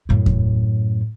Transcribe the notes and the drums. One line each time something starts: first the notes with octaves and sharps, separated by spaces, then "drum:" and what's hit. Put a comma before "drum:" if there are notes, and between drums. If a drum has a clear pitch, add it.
F#2 A2
drum: kick E2